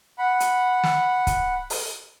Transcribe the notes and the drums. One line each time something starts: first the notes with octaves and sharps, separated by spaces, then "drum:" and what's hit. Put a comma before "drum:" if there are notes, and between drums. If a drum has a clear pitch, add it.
F#5 B5
drum: hi-hat
drum: snare
drum: kick, hi-hat
drum: open hi-hat